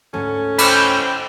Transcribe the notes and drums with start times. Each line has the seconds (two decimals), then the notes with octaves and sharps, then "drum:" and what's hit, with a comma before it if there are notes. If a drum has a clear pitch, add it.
0.14 D2 G#2 C#4 A4
0.58 C5 G5 B5 C#6, drum: cymbal